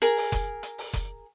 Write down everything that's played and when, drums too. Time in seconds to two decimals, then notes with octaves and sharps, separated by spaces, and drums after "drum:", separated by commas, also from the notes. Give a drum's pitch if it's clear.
0.02 G#4 A#4, drum: hi-hat
0.17 drum: open hi-hat
0.32 drum: kick F1, hi-hat
0.63 drum: hi-hat
0.78 drum: open hi-hat
0.94 drum: kick F1, hi-hat